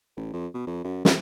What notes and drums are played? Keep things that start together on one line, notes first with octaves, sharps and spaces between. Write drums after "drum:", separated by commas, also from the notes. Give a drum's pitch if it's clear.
A1
F2
B2
F2
F#2
C3, drum: snare